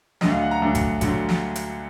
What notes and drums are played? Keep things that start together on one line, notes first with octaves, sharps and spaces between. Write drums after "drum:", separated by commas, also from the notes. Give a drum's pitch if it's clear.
D2 D3 F#3 D#5, drum: snare
F5
F#5
A#5
D2 D3 F#3
drum: kick G#1, hi-hat
D2 D3 F#3, drum: kick G#1, hi-hat
drum: snare
drum: hi-hat